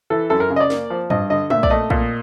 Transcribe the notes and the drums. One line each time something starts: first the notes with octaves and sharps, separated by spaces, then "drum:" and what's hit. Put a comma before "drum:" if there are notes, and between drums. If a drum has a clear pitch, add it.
E3 A4
F#2 A4
A#4
C#3
D#5
D5
A#3, drum: snare
F3
G2 D#5, drum: tom G#2
D3 D#5
A#2 E5, drum: tom G#3
D5, drum: kick
A3 D#5
A#2, drum: kick